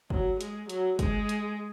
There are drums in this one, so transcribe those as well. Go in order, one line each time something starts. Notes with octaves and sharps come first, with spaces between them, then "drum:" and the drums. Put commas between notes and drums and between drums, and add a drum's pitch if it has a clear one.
F#3, drum: kick
G#3, drum: hi-hat
F#3, drum: hi-hat
G#3, drum: kick, hi-hat
drum: hi-hat